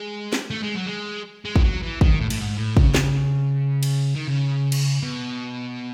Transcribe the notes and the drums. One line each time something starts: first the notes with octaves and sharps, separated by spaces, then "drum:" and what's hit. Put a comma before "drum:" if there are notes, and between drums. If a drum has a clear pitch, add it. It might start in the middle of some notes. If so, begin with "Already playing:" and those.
Already playing: G#3
drum: snare
A3
G#3
F#3
G#3
G#3
E3, drum: kick
F#3
E3
D#3, drum: kick
A2
A2, drum: cymbal
G#2
A2
C#3, drum: kick
drum: snare
drum: cymbal
D#3
C#3
drum: cymbal
B2